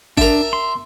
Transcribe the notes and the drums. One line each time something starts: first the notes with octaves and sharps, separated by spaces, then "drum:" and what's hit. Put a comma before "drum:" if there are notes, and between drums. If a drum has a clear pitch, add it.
D4 A#4 E5, drum: kick G#1
C6